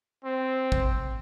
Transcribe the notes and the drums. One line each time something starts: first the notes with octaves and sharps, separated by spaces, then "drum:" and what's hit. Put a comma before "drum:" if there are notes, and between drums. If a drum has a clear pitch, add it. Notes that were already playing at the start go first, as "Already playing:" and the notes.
C4
drum: kick